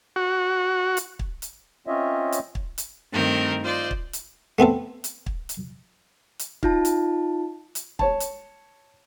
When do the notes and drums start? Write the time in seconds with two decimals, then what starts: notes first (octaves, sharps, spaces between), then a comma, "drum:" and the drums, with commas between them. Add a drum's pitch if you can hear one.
0.16 F#4
0.97 drum: hi-hat
1.19 drum: kick
1.42 drum: hi-hat
1.87 C4 C#4 F4 C#5 D#5 E5
2.32 drum: hi-hat
2.55 drum: kick
2.78 drum: hi-hat
3.13 G2 D#3 A3 C4 A#4 G6
3.63 F4 C5 D5 D#5
3.91 drum: kick
4.13 drum: hi-hat
4.59 A3 B3 C4 A4
5.04 drum: hi-hat
5.26 drum: kick
5.49 drum: hi-hat
6.39 drum: hi-hat
6.63 D#4 F4 A5, drum: kick
6.85 drum: hi-hat
7.75 drum: hi-hat
7.99 C#5 A5, drum: kick
8.20 drum: hi-hat